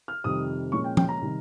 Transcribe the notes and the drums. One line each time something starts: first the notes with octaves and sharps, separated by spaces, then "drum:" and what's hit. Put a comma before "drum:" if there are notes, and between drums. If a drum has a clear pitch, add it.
F6
F2 C3 D#3 G3 C4 D#6
A#2 F3 G#3 C#4 C#6
G5
G5, drum: tom F3
A#5
C3 D#3 G3